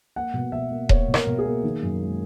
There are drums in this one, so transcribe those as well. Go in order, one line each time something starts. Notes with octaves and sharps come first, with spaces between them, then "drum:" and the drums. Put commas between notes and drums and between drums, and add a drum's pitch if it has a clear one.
A#3 F#5
B2
B2 E5
A#3
A#3 C#5, drum: kick D#1
B2
A#4, drum: rim click
B2
G#4
A#3
D#3
F#2
G#3